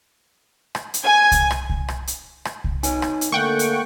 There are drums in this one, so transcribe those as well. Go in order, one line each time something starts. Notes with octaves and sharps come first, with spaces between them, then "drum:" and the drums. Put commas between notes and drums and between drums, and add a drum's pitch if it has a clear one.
drum: rim click
drum: hi-hat
G#5
drum: kick C2, hi-hat
drum: rim click
drum: kick C2
drum: rim click
drum: hi-hat
drum: rim click
drum: kick C2
D#4 B4 C#5 G#5, drum: hi-hat
drum: rim click
drum: hi-hat
D3 A3 A#3 F#5 G5 C#6
drum: hi-hat